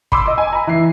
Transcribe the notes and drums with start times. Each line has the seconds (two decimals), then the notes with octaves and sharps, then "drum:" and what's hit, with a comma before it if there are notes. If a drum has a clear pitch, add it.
0.12 B5 C6 D6 E6, drum: kick G1
0.26 D#5 D6
0.38 G#5
0.53 A#5 B5
0.67 E3 C7